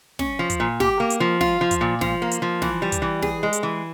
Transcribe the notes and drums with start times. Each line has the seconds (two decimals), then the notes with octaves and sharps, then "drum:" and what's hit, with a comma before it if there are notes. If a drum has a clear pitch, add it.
0.19 C#4, drum: snare
0.39 F3
0.50 drum: kick, hi-hat
0.60 A#2
0.80 G4, drum: snare
1.00 A#3
1.10 drum: hi-hat
1.20 F3
1.41 F4, drum: snare
1.61 F3
1.71 drum: kick, hi-hat
1.81 A#2
2.01 F3, drum: snare
2.22 A#3
2.31 drum: hi-hat
2.42 F3
2.62 E3, drum: snare
2.82 G3
2.92 drum: kick, hi-hat
3.02 E3
3.22 G#4, drum: snare
3.43 G#3
3.53 drum: hi-hat
3.63 E3